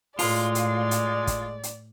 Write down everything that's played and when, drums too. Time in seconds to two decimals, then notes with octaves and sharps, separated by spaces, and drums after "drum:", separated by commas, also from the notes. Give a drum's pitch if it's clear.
0.19 A2 G#3 F4 D5, drum: open hi-hat
0.55 drum: hi-hat
0.91 drum: hi-hat
1.27 drum: kick, hi-hat
1.63 drum: hi-hat